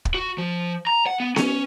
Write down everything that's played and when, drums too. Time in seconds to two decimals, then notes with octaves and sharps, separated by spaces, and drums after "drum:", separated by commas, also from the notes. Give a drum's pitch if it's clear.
0.05 drum: kick
0.14 F#4
0.38 F3
0.87 A#5
1.06 F#5
1.20 B3
1.36 C#4, drum: snare B3